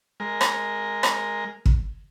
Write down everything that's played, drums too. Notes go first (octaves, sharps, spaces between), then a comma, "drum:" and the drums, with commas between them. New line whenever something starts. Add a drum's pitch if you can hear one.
G#3 A#4
drum: rim click
drum: rim click
drum: kick